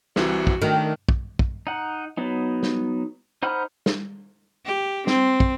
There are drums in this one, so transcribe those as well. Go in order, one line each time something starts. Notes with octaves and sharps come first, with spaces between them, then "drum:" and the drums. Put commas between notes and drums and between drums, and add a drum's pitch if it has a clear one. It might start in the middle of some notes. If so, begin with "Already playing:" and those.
C2 C3 E3 F#4, drum: snare
drum: kick
D#3 A3 D4
drum: kick
drum: kick
D#4 F#5
F#3 B3 D#4
drum: snare
D#4 C5 F#5 B5 F6
drum: snare
G4
C4, drum: snare
drum: kick